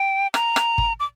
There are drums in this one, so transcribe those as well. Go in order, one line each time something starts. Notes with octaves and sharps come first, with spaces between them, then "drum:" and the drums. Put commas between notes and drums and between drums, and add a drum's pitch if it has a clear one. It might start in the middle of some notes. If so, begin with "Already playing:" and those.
Already playing: G5
A#5, drum: rim click
drum: rim click
drum: kick
D6